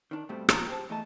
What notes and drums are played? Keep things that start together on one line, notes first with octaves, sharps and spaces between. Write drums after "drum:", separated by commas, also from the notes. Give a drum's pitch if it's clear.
D#3 D4
G2 B2 G3 A3 C4
A#2 F3 A#3 B3 A5 A#5, drum: rim click
G4 C5 A5
E2 A3 D#5 A5